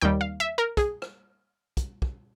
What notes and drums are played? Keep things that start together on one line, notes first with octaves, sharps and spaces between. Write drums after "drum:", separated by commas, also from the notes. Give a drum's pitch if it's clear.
D#2 D#3 G3 G5
F5
E5
A#4
G#4, drum: kick, hi-hat
drum: rim click
drum: kick, hi-hat
drum: kick